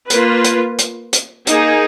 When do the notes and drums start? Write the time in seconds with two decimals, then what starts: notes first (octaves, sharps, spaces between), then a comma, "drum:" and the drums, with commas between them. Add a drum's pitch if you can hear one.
0.10 A#3 F4 B4, drum: hi-hat
0.44 drum: hi-hat
0.79 drum: hi-hat
1.13 drum: hi-hat
1.47 A#3 D#4 G#4, drum: hi-hat